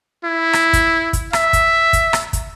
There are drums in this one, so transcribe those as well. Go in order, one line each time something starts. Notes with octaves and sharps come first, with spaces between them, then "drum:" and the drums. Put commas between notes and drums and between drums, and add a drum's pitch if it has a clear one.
E4
drum: rim click
drum: kick, hi-hat
drum: kick, hi-hat
E5, drum: rim click
drum: kick, hi-hat
drum: kick, hi-hat
drum: rim click
drum: kick, hi-hat